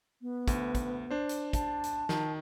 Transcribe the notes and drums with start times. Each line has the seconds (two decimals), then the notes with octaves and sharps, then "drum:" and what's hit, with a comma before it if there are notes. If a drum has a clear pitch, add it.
0.22 B3
0.48 D2, drum: kick, hi-hat
0.75 drum: kick, hi-hat
1.11 D4 C5
1.29 drum: hi-hat
1.53 A5, drum: kick, hi-hat
1.84 drum: hi-hat
2.09 D#3, drum: snare